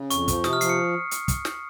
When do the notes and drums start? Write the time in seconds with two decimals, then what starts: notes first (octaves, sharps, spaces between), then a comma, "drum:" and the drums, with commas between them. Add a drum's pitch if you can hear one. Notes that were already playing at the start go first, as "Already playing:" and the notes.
Already playing: C#3
0.10 F2 C#6, drum: hi-hat
0.28 F3, drum: kick, hi-hat
0.44 C3 D#6, drum: snare
0.53 F6
0.61 F3 C7, drum: hi-hat
0.69 C#7
1.11 drum: hi-hat
1.28 drum: kick, hi-hat
1.45 drum: snare